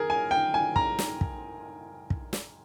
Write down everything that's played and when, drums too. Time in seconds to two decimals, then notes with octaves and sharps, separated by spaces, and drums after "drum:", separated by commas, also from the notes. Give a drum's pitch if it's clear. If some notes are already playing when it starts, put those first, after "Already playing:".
Already playing: G#4 A#4
0.10 G#5
0.31 G5
0.54 G#5
0.76 A#5, drum: kick
0.99 drum: snare
1.21 drum: kick
2.10 drum: kick
2.33 drum: snare